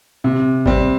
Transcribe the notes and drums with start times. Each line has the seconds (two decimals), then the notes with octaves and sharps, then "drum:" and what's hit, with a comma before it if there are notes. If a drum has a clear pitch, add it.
0.24 C3
0.66 G3 C4, drum: kick G#1